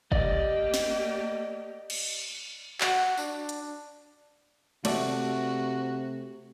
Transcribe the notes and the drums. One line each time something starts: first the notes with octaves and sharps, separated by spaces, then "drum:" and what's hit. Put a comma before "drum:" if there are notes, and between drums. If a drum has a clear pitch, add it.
A#3 G4 D5 D#5, drum: kick
drum: snare
drum: cymbal
F#4, drum: clap
D4, drum: tambourine
drum: hi-hat
C3 A3 F#4 D5 E5, drum: cymbal